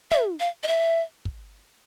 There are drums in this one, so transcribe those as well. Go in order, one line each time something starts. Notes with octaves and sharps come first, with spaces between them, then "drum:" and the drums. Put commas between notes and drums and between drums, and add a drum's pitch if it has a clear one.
E5, drum: tom
F5
D#5
E5
drum: kick